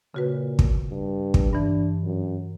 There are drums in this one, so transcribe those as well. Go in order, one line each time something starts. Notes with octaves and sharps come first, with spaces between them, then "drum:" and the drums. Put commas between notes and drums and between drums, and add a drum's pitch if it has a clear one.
A#2 C#3 F#4 B4
drum: kick
G2
drum: kick
G2 E3 D4
F#2